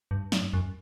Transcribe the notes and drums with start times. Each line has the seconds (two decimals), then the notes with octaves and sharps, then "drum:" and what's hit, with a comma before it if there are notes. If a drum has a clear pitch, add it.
0.11 G2
0.32 drum: snare
0.53 F#2